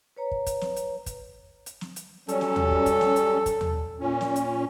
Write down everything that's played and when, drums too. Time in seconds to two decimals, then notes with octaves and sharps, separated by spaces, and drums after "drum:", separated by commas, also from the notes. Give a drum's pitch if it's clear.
0.16 B4 C#5 A#5
0.31 drum: kick
0.46 drum: kick, hi-hat
0.61 drum: snare
0.76 drum: hi-hat
1.06 drum: kick, hi-hat
1.66 drum: hi-hat
1.81 drum: snare
1.96 drum: hi-hat
2.28 F#3 G3 C#4 A4, drum: hi-hat
2.41 drum: snare
2.56 drum: tom D#2
2.71 drum: kick
2.86 drum: kick, hi-hat
3.01 drum: snare
3.16 drum: hi-hat
3.46 drum: kick, hi-hat
3.61 drum: tom D#2
4.00 A#2 C#4
4.21 drum: snare
4.36 drum: hi-hat